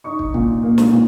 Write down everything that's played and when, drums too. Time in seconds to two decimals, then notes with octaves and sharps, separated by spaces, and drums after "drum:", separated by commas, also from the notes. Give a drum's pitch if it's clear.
0.04 D#4 C#6
0.19 drum: kick
0.34 A#2, drum: kick
0.63 A#3
0.78 drum: snare
0.93 A#2